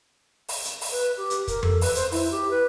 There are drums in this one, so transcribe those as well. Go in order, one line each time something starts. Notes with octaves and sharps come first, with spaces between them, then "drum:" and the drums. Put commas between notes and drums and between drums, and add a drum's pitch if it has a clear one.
drum: open hi-hat
drum: hi-hat
drum: open hi-hat
B4
G4
drum: hi-hat
A#4, drum: kick, hi-hat
A4, drum: tom F2
B4, drum: open hi-hat
C5, drum: hi-hat
E4, drum: open hi-hat
G4
B4